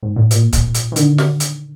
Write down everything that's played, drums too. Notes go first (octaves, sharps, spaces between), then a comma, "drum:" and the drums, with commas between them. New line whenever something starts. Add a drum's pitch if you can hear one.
G#2
A2
A#2, drum: hi-hat
drum: kick, hi-hat
drum: hi-hat
D#3
D3, drum: hi-hat
drum: snare
drum: hi-hat